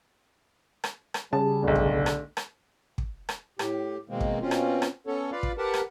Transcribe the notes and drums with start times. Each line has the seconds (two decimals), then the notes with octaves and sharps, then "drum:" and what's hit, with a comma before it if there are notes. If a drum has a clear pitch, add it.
0.84 drum: rim click
1.14 drum: rim click
1.33 C#3 G3 G#4 A5
1.63 D1 B1 D3
1.75 drum: kick
2.06 drum: rim click
2.37 drum: rim click
2.98 drum: kick
3.29 drum: rim click
3.59 A2 G4, drum: rim click
4.09 B2 D#3 G#3 A#3 C4
4.20 drum: kick
4.41 B2 C4 C#4 F4
4.51 drum: rim click
4.82 drum: rim click
5.07 B3 C#4 A4 C#5
5.32 F4 B4 D5 F5
5.43 drum: kick
5.58 G4 A#4 B4 F#5 A5
5.74 drum: rim click